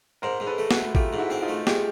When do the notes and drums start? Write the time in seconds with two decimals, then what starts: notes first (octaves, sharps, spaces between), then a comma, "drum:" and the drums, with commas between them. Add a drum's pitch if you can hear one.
0.22 G#2 A#4 C5
0.40 G#2
0.47 A4 B4
0.58 A3
0.71 F#4 G#4, drum: snare
0.76 A3
0.95 A3 F4 G4, drum: kick A1
1.13 G#2
1.18 E4 F#4
1.30 C4
1.42 D#4 F4
1.48 A3
1.67 G#3 F4 G4, drum: snare